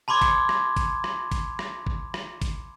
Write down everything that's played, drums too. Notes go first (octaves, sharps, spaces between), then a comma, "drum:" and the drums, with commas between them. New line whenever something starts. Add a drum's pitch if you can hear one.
A5 B5 C6 D6 G#6
drum: kick G#1, hi-hat
drum: rim click
drum: kick G#1, hi-hat
drum: rim click
drum: kick G#1, hi-hat
drum: rim click
drum: kick G#1
drum: rim click
drum: kick G#1, hi-hat